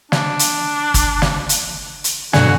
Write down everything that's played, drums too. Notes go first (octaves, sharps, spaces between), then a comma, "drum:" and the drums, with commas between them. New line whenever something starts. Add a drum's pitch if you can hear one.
D4, drum: snare
drum: hi-hat
drum: kick, hi-hat
drum: snare
drum: hi-hat
drum: hi-hat
G2 B2 D3 F#3 F#4 F#5 G#5, drum: snare